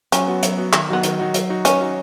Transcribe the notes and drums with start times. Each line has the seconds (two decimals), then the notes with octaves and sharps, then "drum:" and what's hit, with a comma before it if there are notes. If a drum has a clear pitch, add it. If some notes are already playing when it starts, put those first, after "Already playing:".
0.12 F#3 C#4, drum: hi-hat
0.27 B3 F#4
0.43 F#3, drum: hi-hat
0.58 B3 F#4
0.73 D#3, drum: clap
0.89 F#3 B3 D#4 F#4
1.03 D#3, drum: hi-hat
1.19 F#3 D#4 F#4
1.34 F#3, drum: hi-hat
1.50 D#4 F#4
1.65 F#3 C#4, drum: hi-hat
1.81 D#4 F#4